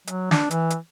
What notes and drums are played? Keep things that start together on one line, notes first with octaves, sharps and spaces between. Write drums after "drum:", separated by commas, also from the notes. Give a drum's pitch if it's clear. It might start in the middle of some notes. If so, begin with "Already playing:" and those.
F#3, drum: hi-hat
D4, drum: snare
E3, drum: hi-hat
drum: hi-hat